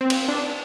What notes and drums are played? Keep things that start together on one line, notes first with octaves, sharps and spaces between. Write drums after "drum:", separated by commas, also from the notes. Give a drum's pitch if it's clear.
C4
drum: cymbal
D4